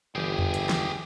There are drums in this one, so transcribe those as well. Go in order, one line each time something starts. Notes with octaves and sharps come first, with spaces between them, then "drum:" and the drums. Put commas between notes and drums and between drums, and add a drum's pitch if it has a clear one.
G1 E3 G4 G#4 G5
drum: tom E2
drum: hi-hat
drum: snare